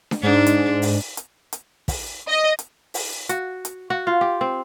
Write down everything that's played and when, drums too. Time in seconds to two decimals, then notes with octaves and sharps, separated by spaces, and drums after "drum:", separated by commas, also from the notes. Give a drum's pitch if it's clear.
0.11 drum: snare D4
0.23 G#2 D4
0.47 drum: hi-hat
0.82 drum: open hi-hat
1.17 drum: hi-hat
1.53 drum: hi-hat
1.88 drum: kick, open hi-hat
2.27 D#5
2.59 drum: hi-hat
2.94 drum: open hi-hat
3.29 F#4, drum: hi-hat
3.65 drum: hi-hat
3.90 F#4
4.07 F4
4.21 G4
4.41 C4